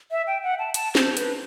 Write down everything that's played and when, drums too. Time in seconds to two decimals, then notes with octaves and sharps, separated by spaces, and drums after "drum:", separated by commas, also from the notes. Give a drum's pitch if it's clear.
0.11 E5
0.27 G5
0.43 F#5
0.59 A5
0.74 A5, drum: hi-hat
0.95 C5, drum: snare
1.17 B4, drum: hi-hat